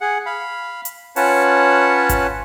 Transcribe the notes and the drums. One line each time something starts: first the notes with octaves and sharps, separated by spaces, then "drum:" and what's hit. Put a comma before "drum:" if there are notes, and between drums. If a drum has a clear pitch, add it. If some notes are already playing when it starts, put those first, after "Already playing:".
G#4 F#5
F5 B5
drum: hi-hat
C#4 F4 B4 C#5 F#5 A5, drum: open hi-hat
drum: kick G#1, hi-hat